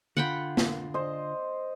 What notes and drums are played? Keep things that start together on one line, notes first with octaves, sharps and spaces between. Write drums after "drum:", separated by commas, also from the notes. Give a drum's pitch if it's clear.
D3 F4 F#5 G5 B5
drum: snare
C5 D#5